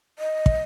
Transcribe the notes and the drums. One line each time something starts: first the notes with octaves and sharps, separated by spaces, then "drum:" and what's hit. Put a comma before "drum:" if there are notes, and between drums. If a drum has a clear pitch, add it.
D#5
drum: kick